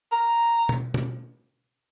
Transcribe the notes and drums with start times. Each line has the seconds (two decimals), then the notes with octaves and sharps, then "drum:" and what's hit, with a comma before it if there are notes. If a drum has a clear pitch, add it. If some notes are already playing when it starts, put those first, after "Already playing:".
0.12 A#5
0.69 drum: tom
0.94 drum: tom